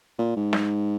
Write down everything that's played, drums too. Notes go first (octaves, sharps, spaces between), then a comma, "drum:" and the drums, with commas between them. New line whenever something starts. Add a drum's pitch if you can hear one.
A#2
G#2
drum: snare